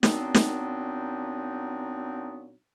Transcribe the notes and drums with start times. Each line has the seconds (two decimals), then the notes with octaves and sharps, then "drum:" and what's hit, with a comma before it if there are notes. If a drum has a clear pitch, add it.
0.03 A#2 F#3 B3 C4 D4 D#4, drum: snare
0.34 drum: snare